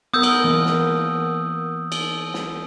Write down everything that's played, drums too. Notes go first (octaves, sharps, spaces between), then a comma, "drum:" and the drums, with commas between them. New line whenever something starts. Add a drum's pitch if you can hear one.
B3 A#4 D#6 E6 G6
drum: cymbal
E3 A#3
drum: snare
drum: cymbal
drum: snare